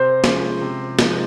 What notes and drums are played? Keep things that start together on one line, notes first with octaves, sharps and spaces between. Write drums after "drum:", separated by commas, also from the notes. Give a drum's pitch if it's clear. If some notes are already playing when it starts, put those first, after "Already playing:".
Already playing: C3 C5
F3 G#3 C#4 F4, drum: snare
C3
F3 G#3 C4 D#4, drum: snare